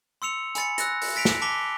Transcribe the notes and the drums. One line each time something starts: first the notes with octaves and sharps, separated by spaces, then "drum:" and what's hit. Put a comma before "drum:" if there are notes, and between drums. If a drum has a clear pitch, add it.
C6 E6 C#7 F7
G#5 B5 A6 C#7, drum: hi-hat
E6 F#6 A6 A#6, drum: hi-hat
drum: open hi-hat
A6 B6 D7 F7
drum: snare
A5 D6 B6 F7 G7